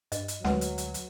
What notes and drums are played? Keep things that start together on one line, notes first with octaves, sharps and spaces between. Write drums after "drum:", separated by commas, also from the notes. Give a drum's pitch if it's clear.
G2 D#5, drum: hi-hat
drum: hi-hat
D2 F#3 G#3 B4 F#5, drum: snare
drum: hi-hat
drum: hi-hat
drum: hi-hat